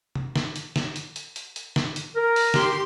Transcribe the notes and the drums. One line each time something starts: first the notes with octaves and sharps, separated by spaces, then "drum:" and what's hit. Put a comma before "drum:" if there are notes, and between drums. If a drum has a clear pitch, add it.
drum: tom C3
drum: snare
drum: hi-hat
drum: snare
drum: hi-hat
drum: hi-hat
drum: hi-hat
drum: hi-hat
drum: snare
drum: hi-hat
A#4
drum: open hi-hat
G4 C6, drum: snare